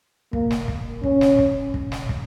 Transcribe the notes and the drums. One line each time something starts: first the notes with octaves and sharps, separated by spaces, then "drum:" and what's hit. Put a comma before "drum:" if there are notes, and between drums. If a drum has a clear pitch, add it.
A#3, drum: kick
drum: snare
drum: kick
C#4, drum: kick
drum: snare
drum: kick
drum: kick
drum: snare
drum: kick